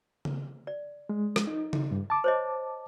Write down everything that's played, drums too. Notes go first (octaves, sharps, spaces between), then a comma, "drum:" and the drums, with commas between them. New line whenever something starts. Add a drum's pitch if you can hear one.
drum: tom C#3
D5
G#3
drum: rim click
D#4
drum: tom C#3
G2
A5 D6
C5 C#5 D#5